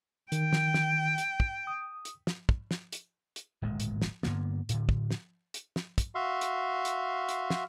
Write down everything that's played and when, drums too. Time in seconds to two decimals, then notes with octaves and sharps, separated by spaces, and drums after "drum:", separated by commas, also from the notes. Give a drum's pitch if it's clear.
0.32 D#3 G5, drum: hi-hat
0.53 drum: snare
0.74 drum: snare
1.18 drum: hi-hat
1.40 drum: kick
1.67 D#6
2.05 drum: hi-hat
2.27 drum: snare
2.49 drum: kick
2.71 drum: snare
2.92 drum: hi-hat
3.36 drum: hi-hat
3.62 D1 G#1 A#2 G#3
3.80 drum: hi-hat
4.02 drum: snare
4.23 G2 D3 A#3 B3, drum: snare
4.69 A2 D3, drum: hi-hat
4.89 drum: kick
5.11 drum: snare
5.54 drum: hi-hat
5.76 drum: snare
5.98 drum: kick, hi-hat
6.15 F#4 E5 F5 C6
6.41 drum: hi-hat
6.85 drum: hi-hat
7.29 drum: hi-hat
7.50 drum: snare